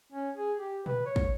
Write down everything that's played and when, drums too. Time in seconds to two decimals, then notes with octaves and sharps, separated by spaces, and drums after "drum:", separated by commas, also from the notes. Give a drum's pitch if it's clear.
0.12 C#4
0.37 G#4
0.59 G4
0.86 B4, drum: tom A#2
1.06 C#5
1.16 drum: kick